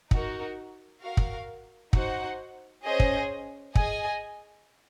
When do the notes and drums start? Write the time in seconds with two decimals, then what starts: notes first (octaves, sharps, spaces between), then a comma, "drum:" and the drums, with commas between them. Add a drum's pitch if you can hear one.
0.11 D#4 F#4 A#4, drum: kick
1.02 F#4 A#4 F5
1.17 drum: kick
1.93 D#4 F#4 C5 F#5, drum: kick
2.84 C#4 G#4 C5 D#5 G#5
3.00 drum: kick
3.75 G#4 D#5 G#5, drum: kick